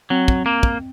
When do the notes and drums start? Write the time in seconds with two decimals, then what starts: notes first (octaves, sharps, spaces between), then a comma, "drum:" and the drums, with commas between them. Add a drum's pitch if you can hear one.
0.10 F#3 C4
0.28 drum: kick
0.46 A#3
0.63 drum: kick